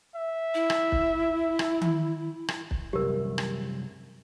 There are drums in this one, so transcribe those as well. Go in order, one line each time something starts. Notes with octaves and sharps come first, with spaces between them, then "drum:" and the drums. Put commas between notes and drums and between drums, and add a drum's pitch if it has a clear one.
E5
E4
drum: rim click
drum: kick
drum: rim click
drum: tom D#3
drum: rim click
drum: kick
C2 F#2 G4 A#4
drum: rim click